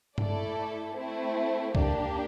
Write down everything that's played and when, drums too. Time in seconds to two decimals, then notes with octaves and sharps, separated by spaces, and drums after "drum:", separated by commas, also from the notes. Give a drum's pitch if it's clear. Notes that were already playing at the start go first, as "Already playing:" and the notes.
0.18 A3 E4 A4 D5, drum: tom G2
0.96 A3 C4 E4
1.75 A#3 D4 G4 D5, drum: kick C2